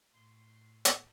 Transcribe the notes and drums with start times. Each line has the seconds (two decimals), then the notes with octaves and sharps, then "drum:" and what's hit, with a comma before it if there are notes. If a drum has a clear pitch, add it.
0.13 A2 C6
0.85 drum: hi-hat